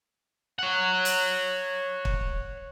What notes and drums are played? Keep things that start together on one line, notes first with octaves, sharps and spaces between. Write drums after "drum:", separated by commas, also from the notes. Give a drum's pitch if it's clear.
C#5 F#5
drum: hi-hat
drum: kick